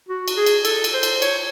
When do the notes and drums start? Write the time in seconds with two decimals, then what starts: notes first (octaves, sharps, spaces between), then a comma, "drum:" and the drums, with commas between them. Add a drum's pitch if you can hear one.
0.09 F#4
0.28 drum: cymbal
0.37 G#4
0.46 drum: cymbal
0.65 A4, drum: cymbal
0.84 drum: cymbal
0.94 C5
1.03 drum: cymbal
1.22 C#5, drum: cymbal